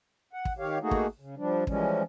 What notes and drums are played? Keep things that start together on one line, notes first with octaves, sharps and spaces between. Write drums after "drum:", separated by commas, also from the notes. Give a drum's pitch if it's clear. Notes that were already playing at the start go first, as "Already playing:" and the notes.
F#5
drum: kick
D#3 G4 C#5 F5
A3 A#3 D#4 F#4 G#4
drum: kick
C#3
F3 G3 D4
E3 F3 G3 G#3 C#4, drum: kick